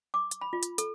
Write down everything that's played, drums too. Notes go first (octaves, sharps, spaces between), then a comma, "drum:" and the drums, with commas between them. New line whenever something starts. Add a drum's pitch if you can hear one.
D6
drum: hi-hat
B5
F4
drum: hi-hat
A4, drum: hi-hat